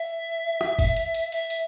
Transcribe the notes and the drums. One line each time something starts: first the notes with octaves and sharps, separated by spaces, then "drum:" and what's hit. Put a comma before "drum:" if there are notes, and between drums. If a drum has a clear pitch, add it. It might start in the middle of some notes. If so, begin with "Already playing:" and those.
Already playing: E5
drum: rim click
drum: kick, open hi-hat
drum: hi-hat
drum: hi-hat
E5, drum: hi-hat
drum: hi-hat